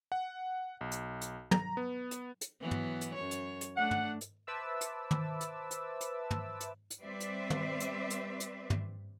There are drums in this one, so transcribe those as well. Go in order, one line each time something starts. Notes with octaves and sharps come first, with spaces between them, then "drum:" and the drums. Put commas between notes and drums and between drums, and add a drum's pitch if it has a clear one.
F#5
B1
drum: hi-hat
drum: hi-hat
A#5, drum: tom
B3
drum: hi-hat
drum: hi-hat
E3 F#3 B3
drum: tom
drum: hi-hat
F#2 C#5
drum: hi-hat
drum: hi-hat
A3 D4 F#5
drum: tom
drum: hi-hat
B4 C5 E5 A5 D6 E6
drum: hi-hat
drum: tom
drum: hi-hat
drum: hi-hat
drum: hi-hat
drum: tom
drum: hi-hat
drum: hi-hat
G3 C4 B4 C5 D5 E5
drum: hi-hat
drum: tom
drum: hi-hat
drum: hi-hat
drum: hi-hat
drum: tom